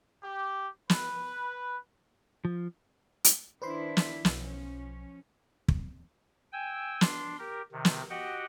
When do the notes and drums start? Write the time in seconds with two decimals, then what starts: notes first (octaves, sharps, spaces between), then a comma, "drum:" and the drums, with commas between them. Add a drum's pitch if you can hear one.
0.22 G4
0.90 B4, drum: snare
2.45 F3
3.24 drum: hi-hat
3.62 D#3 D4 E4 B4 C5 C6
3.97 drum: snare
4.25 B1 F3 C#4, drum: snare
5.68 drum: kick
6.53 G5 G#5 E6
7.01 D4 C6, drum: snare
7.39 G4 A#4
7.72 C3 D#3
7.85 drum: snare
8.10 F#4 G4 D#5 F#5 G5